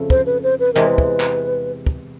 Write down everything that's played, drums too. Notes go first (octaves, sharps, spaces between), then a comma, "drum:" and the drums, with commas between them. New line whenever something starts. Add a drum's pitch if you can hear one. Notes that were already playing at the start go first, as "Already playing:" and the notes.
Already playing: F2 C#3 A3
C5, drum: kick
B4
C5
B4
E2 C3 E3 G#3 A#4
B4
drum: kick
drum: clap
drum: kick